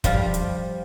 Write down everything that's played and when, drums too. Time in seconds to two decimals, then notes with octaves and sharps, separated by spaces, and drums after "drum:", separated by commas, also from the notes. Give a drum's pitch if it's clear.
0.04 F3 G3 F5, drum: kick, hi-hat
0.34 drum: hi-hat